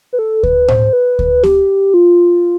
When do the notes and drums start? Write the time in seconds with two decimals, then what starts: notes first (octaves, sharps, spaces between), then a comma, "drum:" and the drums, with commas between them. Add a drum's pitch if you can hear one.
0.13 B4
0.19 A4
0.43 B4, drum: kick D2
0.68 C5, drum: tom A2
0.93 B4
1.19 drum: kick D2
1.43 G4, drum: snare B3
1.94 F4